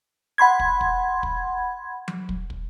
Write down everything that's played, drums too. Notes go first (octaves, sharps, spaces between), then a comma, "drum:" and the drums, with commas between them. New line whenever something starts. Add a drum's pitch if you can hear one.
F#5 B5 C6 G#6
drum: kick
drum: kick
drum: kick
drum: tom F#3
drum: kick
drum: kick